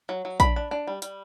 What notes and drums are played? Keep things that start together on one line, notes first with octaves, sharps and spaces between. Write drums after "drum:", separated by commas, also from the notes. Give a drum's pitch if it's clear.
F#3
F#3
D4 B5, drum: kick A#1, hi-hat
D4
D4
G3
G3, drum: hi-hat